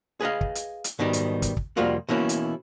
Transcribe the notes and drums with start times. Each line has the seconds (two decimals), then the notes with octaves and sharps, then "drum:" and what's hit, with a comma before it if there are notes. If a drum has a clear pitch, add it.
0.21 G#4 B4 D#5 F5
0.41 drum: kick
0.55 drum: hi-hat
0.84 drum: hi-hat
0.99 G#2 B2 D#3 G3 G4
1.13 drum: hi-hat
1.42 drum: kick, hi-hat
1.57 drum: kick
1.77 C2 F2 G3 A#3 F4 F#4
2.09 B2 E3 A#3 C#4 E4
2.29 drum: hi-hat